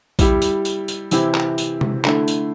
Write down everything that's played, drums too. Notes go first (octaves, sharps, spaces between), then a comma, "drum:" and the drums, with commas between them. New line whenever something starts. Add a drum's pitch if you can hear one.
G3 E4 G4, drum: kick A#1, tambourine
drum: tambourine
drum: tambourine
drum: tambourine
C3 E3 C4 E4 G4, drum: tambourine
drum: clap
drum: tambourine
drum: tom C3
D3 A3 E4, drum: clap
drum: tambourine